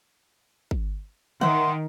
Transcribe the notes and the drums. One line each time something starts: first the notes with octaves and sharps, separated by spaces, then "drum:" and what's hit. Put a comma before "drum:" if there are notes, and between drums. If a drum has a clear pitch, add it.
drum: kick
D#3 C#5 E5 F#5 C6, drum: tom